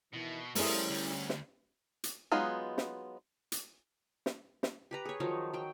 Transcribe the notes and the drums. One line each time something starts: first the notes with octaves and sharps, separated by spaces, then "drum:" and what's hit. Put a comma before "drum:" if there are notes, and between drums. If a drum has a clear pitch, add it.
B2 D#3 E3 E4
F3 G3 A3 A#3 C#4 E4 G#4, drum: open hi-hat
D2
drum: snare
drum: hi-hat
F#3 G#3 B3 D#4 F4
drum: snare
drum: hi-hat
drum: snare
drum: snare
G4 B4 A#5
G#4 C#5
D#3 F3 F#3 D#4
F#3 G5